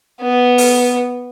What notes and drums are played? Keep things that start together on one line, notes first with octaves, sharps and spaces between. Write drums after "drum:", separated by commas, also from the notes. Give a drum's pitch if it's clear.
B3
drum: open hi-hat